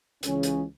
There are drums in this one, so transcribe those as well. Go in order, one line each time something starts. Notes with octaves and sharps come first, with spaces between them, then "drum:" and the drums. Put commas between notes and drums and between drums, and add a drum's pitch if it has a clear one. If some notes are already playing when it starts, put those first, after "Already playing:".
C#2 C#3 E3 C#4, drum: hi-hat
drum: hi-hat